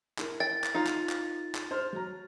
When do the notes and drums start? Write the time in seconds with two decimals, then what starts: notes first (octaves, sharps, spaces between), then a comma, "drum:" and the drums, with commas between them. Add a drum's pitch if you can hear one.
0.19 E4 A#4, drum: clap
0.40 G5 A6
0.64 drum: clap
0.74 D#4 F4
0.87 drum: clap
1.09 drum: clap
1.55 drum: clap
1.71 C5 F6
1.93 F#3 A#5